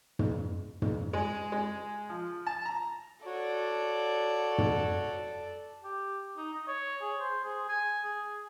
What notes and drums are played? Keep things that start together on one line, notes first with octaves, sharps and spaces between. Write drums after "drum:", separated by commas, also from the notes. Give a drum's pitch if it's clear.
drum: tom
drum: tom
G#3
G#3
F3
A5
A#5
F#4 A4 C#5 D5
drum: tom
G4
D#4
D#5
C#5
G#4
C5
G#4
G#5
G#4